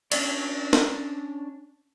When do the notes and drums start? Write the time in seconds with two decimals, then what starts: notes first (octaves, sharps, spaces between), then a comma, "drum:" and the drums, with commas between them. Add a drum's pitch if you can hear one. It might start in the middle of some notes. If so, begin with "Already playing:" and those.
0.12 C#4 D4 C#5 D5, drum: cymbal
0.73 drum: snare